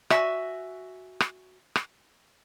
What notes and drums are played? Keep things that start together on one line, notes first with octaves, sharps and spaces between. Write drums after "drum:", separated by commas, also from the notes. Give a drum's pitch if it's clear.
F#4 E5 G#5, drum: rim click
drum: rim click
drum: rim click